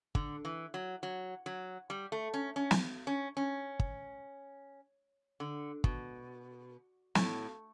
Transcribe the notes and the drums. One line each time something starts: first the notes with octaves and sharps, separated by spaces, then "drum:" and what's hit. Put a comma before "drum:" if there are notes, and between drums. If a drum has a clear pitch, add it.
D3, drum: kick
E3
F#3
F#3
F#3
G3
A3
C#4
C#4
drum: snare
C#4
C#4
drum: kick
D3
B2, drum: kick
A2, drum: snare